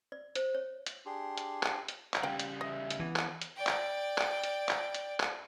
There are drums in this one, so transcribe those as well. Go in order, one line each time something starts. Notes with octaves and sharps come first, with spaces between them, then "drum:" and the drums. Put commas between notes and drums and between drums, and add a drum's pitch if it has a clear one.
D5
C5, drum: hi-hat
C#5
drum: hi-hat
D4 G4 G#4 C6
drum: hi-hat
drum: clap
drum: hi-hat
drum: clap
C#3 G3 F5 G5
drum: hi-hat
D#5 E5
drum: hi-hat
E3 B3
drum: clap
drum: hi-hat
D5 G5
drum: clap
drum: clap
drum: hi-hat
drum: clap
drum: hi-hat
drum: clap